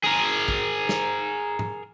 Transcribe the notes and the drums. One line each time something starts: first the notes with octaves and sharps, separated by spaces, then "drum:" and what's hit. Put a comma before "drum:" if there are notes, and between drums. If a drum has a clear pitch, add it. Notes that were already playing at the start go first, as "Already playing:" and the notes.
G#4 A#4
drum: kick
drum: snare
drum: tom G#2